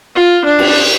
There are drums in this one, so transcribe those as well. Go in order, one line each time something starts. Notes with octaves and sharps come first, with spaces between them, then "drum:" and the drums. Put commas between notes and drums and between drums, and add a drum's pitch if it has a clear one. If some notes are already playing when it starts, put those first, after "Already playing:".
F4
D4
drum: cymbal